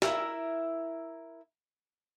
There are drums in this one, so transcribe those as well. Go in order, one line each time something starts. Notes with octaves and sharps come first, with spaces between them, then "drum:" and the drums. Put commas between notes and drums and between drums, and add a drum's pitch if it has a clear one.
E4 A#4 E5, drum: snare